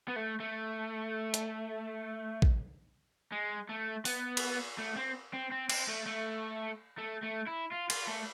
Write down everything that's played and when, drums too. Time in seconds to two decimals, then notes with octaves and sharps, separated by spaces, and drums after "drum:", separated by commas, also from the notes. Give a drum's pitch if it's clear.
0.08 B3
0.16 A3
0.40 A3
1.34 drum: hi-hat
2.42 drum: kick
3.32 G#3
3.69 A3
4.05 B3, drum: open hi-hat
4.37 drum: cymbal
4.78 A3
4.97 C4
5.33 C4
5.51 C4
5.70 C4, drum: cymbal
5.88 A3
6.06 A3
6.98 A3
7.23 A3
7.47 E4
7.72 F4
7.90 F4, drum: cymbal
8.07 A3